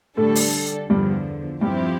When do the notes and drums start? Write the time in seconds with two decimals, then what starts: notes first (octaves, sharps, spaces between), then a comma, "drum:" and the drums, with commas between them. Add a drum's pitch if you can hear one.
0.17 A2 D3 G3 A3 D4 A4
0.35 drum: open hi-hat
0.90 E2 G2 D3 F3 G3
1.61 G2 F3 G3 C4 E4 G4